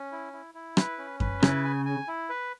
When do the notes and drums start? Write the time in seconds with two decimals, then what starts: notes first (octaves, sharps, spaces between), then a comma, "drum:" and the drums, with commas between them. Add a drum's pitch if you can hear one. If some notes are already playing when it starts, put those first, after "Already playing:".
Already playing: C#4
0.12 E4
0.33 E4
0.54 E4
0.77 B4, drum: rim click
0.98 C#4
1.20 B4, drum: kick F#2
1.43 C#3 E4, drum: rim click
1.64 G#5
1.86 G#5
2.08 E4
2.30 B4